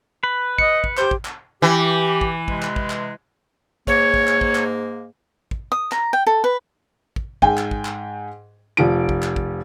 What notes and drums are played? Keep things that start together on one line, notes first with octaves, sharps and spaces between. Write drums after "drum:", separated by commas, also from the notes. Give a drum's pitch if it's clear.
B4
D#5 C#7, drum: kick
drum: kick
G4 C5, drum: clap
drum: kick
drum: clap
E3 G4
drum: kick
C3 G#3 B4, drum: kick
drum: clap
drum: kick
drum: clap
G#2 A#3 C#5, drum: kick
drum: kick
drum: clap
drum: kick
drum: clap
drum: kick
D#6
A#5, drum: clap
G5
A4
B4
drum: kick
G#2 G5 G#5, drum: kick
drum: clap
drum: kick
drum: clap
F1 F3 D7
drum: kick
drum: clap
drum: kick